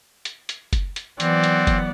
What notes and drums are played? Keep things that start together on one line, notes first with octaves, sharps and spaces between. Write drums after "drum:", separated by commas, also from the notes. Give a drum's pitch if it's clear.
drum: hi-hat
drum: hi-hat
drum: kick F#1, hi-hat
drum: hi-hat
E3 F#3 B3 C4 D5 F#5, drum: hi-hat
drum: hi-hat
drum: kick F#1, hi-hat